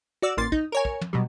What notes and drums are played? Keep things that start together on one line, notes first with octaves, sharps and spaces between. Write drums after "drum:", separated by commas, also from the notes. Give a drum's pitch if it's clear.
F#4 D5 E6
A1 A#3 C6 A6
D#4, drum: kick
A#4 C#5 G#5
drum: kick
drum: tom
B2 F#3 G3